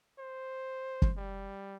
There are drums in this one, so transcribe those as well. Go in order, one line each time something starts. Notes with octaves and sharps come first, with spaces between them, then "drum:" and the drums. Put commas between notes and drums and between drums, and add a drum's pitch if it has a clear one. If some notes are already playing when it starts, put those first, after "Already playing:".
C5
drum: kick
G3